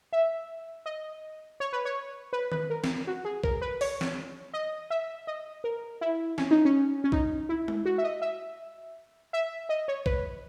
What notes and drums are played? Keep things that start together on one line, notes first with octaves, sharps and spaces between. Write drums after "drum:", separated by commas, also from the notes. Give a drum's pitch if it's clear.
E5
D#5
C#5
B4
C#5
B4
B4, drum: tom
A#4
drum: snare
F#4
G#4
A#4, drum: kick
B4
C#5, drum: open hi-hat
drum: snare
D#5
E5
D#5
A#4
E4
C#4, drum: snare
D#4
C#4
C#4
D#4, drum: kick
E4
drum: tom G#3
F#4
E5
D#5
E5
E5
D#5
C#5
B4, drum: kick